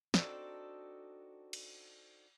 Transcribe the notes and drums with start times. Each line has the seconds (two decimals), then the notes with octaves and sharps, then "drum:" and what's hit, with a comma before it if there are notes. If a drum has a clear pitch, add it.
0.14 C4 D4 D#4 F#4 A4, drum: snare
1.53 drum: cymbal